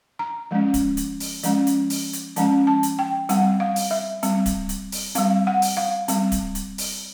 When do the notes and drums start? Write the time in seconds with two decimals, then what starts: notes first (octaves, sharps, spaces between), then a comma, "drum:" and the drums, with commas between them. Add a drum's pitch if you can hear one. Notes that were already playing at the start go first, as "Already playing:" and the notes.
0.19 A#5
0.51 F3 G#3 C#4
0.74 drum: kick D1, hi-hat
0.97 drum: hi-hat
1.20 drum: open hi-hat
1.43 F3 G#3 C#4, drum: hi-hat
1.67 drum: hi-hat
1.90 drum: open hi-hat
2.13 drum: hi-hat
2.36 F3 G#3 C#4 A5, drum: hi-hat
2.67 A5
2.83 drum: hi-hat
2.99 G5
3.29 G3 C4 F#5, drum: hi-hat
3.60 F5
3.76 drum: open hi-hat
3.91 E5
4.23 G3 C4, drum: hi-hat
4.46 drum: kick D1, hi-hat
4.69 drum: hi-hat
4.92 drum: open hi-hat
5.15 G3 C4 F5, drum: hi-hat
5.47 F#5
5.62 drum: open hi-hat
5.77 F5
6.08 G3 C4, drum: hi-hat
6.32 drum: kick D1, hi-hat
6.55 drum: hi-hat
6.78 drum: open hi-hat